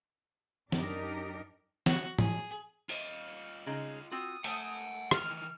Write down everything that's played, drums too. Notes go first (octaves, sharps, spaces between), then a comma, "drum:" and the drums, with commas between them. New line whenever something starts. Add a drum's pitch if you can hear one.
F#2 D4 D#4 G4 A#4 D#5, drum: snare
F#4, drum: snare
G#4, drum: tom
F4 D#5, drum: open hi-hat
C#3 G#3 D#4
C4 F4 F#4 D#6
A3 F#5 G#5, drum: open hi-hat
D#3 E3 F6, drum: rim click